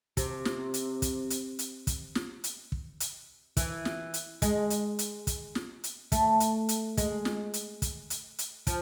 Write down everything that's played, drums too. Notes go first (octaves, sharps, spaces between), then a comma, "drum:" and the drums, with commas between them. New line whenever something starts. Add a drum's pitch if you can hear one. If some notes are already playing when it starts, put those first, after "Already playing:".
C3, drum: kick, hi-hat
drum: snare
drum: hi-hat
drum: kick, hi-hat
drum: hi-hat
drum: hi-hat
drum: kick, hi-hat
drum: snare
drum: hi-hat
drum: kick
drum: hi-hat
E3, drum: kick, hi-hat
drum: snare
drum: hi-hat
G#3, drum: kick, hi-hat
drum: hi-hat
drum: hi-hat
drum: kick, hi-hat
drum: snare
drum: hi-hat
A3, drum: kick, hi-hat
drum: hi-hat
drum: hi-hat
G#3, drum: kick, hi-hat
drum: snare
drum: hi-hat
drum: kick, hi-hat
drum: hi-hat
drum: hi-hat
F3, drum: kick, hi-hat